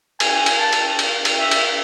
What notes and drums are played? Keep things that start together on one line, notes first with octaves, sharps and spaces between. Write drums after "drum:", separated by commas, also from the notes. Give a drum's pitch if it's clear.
G#5, drum: cymbal
drum: cymbal
A5
drum: cymbal
drum: cymbal
drum: cymbal
E5
drum: cymbal